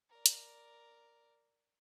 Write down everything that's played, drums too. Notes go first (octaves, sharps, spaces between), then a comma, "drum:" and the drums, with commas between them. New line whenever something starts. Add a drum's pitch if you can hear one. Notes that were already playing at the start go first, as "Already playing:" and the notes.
A#4 D5
drum: hi-hat